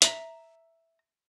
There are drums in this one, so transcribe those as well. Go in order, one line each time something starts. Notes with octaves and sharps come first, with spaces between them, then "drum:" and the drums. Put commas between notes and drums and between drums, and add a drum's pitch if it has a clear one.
E5 A#5, drum: hi-hat